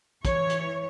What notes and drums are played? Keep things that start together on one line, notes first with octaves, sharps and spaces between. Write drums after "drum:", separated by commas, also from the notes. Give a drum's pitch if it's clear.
E3 C#5, drum: kick, hi-hat
drum: hi-hat